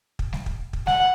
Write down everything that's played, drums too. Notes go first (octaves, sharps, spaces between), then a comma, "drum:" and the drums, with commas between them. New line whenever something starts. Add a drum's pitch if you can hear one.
drum: kick
drum: snare G3
drum: kick
drum: kick
F#5, drum: snare G3